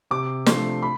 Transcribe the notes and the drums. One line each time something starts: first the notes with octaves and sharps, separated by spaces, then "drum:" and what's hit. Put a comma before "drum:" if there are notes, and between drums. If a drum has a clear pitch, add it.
C3 D6
F3 A3 D4 C6, drum: snare
B5